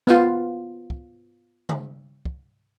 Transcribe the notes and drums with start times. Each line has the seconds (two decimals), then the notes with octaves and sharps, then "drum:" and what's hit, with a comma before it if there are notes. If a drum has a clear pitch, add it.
0.07 B3 F4, drum: snare
0.90 drum: kick
1.69 drum: tom C#3
2.25 drum: kick